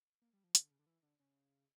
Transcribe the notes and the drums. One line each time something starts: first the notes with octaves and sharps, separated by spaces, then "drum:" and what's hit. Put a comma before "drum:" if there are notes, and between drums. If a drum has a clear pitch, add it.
A#3
G3
F3
E3, drum: hi-hat
D3
C#3
D3
E3
D3
C#3